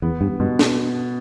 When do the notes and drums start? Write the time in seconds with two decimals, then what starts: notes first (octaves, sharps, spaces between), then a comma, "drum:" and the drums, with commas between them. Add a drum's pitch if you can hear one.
0.02 E2 B3
0.21 G2
0.40 G2 B2
0.59 drum: snare